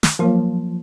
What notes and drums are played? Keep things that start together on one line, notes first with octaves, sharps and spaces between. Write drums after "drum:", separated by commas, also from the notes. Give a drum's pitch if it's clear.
drum: snare
F3 F#3 A#3 F4 A#4